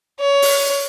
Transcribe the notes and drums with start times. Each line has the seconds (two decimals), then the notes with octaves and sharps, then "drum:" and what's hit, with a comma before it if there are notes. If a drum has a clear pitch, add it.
0.19 C#5
0.42 drum: open hi-hat